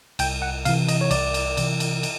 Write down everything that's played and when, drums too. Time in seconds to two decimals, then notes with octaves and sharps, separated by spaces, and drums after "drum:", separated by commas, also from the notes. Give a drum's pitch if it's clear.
0.19 C2 G5, drum: cymbal
0.42 F#5
0.65 C3 E3 F5, drum: cymbal
0.88 D#5, drum: cymbal
1.01 C#5
1.11 C2 D5, drum: cymbal
1.34 drum: cymbal
1.57 C3 E3, drum: cymbal
1.80 drum: cymbal
2.03 drum: cymbal